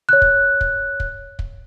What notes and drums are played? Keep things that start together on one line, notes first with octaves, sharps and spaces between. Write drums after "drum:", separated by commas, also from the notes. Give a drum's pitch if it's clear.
C#5 F#6
drum: kick
drum: kick
drum: kick
drum: kick